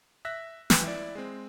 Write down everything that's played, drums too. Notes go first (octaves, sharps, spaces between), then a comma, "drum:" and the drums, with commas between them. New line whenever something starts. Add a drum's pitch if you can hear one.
E5 E6 F#6 A#6 B6
B4 G5 G#5 F#6, drum: snare
E4 D5
G#3 C4